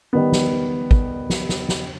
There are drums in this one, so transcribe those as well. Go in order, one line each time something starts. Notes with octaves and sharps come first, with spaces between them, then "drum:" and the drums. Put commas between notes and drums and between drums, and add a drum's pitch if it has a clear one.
D#3 G3 B3
drum: snare
drum: kick
drum: snare
drum: snare
drum: snare